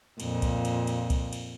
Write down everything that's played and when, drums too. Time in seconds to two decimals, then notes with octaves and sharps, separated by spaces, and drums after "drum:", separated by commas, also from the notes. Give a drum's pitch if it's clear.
0.20 F2 A#2, drum: cymbal
0.42 drum: kick C2, cymbal
0.65 drum: cymbal
0.87 drum: cymbal
1.10 drum: kick C2, cymbal
1.33 drum: cymbal